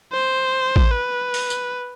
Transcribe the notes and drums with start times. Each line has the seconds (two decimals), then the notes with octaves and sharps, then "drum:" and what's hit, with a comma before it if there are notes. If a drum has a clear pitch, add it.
0.13 C5
0.76 drum: kick A1
0.92 B4
1.34 drum: open hi-hat
1.50 drum: tambourine